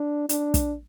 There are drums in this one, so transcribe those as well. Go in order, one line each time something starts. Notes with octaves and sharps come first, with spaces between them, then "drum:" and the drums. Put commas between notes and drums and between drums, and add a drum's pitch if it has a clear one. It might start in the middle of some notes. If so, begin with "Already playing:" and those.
Already playing: D4
D4, drum: hi-hat
drum: kick, hi-hat